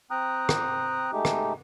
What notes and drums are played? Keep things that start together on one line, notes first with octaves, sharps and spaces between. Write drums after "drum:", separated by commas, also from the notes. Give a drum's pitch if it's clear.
C4 G5 A#5 D#6 F#6
drum: rim click
G#3 A3 D#4 G4
drum: rim click